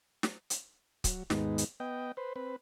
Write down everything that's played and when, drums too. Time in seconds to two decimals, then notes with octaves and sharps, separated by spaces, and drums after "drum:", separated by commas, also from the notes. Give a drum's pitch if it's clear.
0.23 drum: snare
0.50 drum: hi-hat
1.04 F#3, drum: kick C#1, hi-hat
1.30 D#2 G#2 G#3 B3 D#4, drum: snare
1.58 drum: hi-hat
1.80 B3 D#5 G5
2.17 B4 C5
2.36 C4 B4